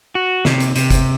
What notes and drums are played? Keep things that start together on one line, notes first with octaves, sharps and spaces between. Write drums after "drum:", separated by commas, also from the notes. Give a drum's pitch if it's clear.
F#4
C3, drum: snare
drum: hi-hat
C3, drum: hi-hat
drum: kick F#1, hi-hat